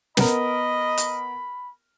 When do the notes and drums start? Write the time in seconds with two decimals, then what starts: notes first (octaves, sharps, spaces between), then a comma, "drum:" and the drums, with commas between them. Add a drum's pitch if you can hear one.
0.17 B3 A#4 D#5 B5, drum: snare
0.98 drum: hi-hat